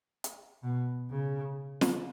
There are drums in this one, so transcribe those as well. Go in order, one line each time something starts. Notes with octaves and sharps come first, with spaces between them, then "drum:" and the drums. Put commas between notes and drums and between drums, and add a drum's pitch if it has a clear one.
drum: hi-hat
B2
C#3
drum: snare